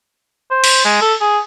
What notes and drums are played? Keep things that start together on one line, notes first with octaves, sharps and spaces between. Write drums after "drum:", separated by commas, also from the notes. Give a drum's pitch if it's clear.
C5
drum: cymbal
G#3
A4
G#4